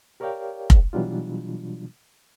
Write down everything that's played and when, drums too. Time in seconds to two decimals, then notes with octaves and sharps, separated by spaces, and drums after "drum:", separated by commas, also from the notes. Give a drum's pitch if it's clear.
0.20 G4 A#4 C#5 D5 F5 G5
0.70 drum: kick F1
0.93 B2 E3 F#3 G3 D4 F4